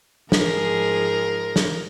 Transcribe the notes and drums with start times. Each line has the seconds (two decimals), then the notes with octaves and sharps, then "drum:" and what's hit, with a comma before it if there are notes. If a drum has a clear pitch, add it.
0.32 G#2 F3 G#4 A#4, drum: snare
1.56 drum: snare